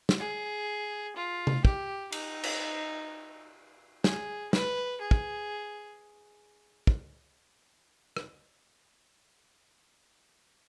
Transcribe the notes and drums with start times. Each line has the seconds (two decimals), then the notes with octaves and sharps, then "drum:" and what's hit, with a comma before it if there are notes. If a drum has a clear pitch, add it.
0.09 drum: snare
0.20 G#4
1.16 F4
1.47 drum: tom C3
1.65 G4, drum: kick
2.12 D#4, drum: cymbal
2.44 drum: cymbal
4.04 G#4, drum: snare
4.53 B4, drum: snare
5.01 G#4
5.11 drum: kick
6.87 drum: kick
8.17 drum: rim click